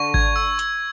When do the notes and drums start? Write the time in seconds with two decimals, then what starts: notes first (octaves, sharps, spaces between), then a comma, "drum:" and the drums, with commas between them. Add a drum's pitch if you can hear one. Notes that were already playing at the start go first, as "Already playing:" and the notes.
Already playing: D3 C#6
0.14 G#6, drum: kick G#1
0.36 E6
0.59 C#6, drum: hi-hat